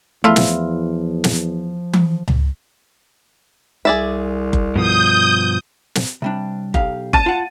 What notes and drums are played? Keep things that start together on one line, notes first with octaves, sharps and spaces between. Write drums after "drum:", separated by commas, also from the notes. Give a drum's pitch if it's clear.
E2 F3 A3 E4 F4
drum: snare
drum: snare
drum: tom E3
drum: tom C#2
C2 G#4 D5 E5
drum: kick F#1
G2 B2 F3 D#6 G6
drum: snare
C3 G3 D4
B1 G4 F5, drum: kick F#1
A5 A6 D#7, drum: kick F#1
F4 F#5